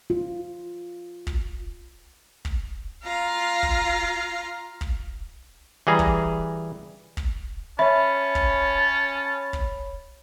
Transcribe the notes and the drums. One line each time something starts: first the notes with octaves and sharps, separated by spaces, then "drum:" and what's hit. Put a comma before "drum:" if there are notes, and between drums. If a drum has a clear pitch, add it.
F4
drum: kick
drum: kick
F4 F5 A#5
drum: kick
drum: kick
E3 G3 G#4 A#5
drum: kick
drum: kick
C#4 C#5 E5 A5 B5
drum: kick
drum: kick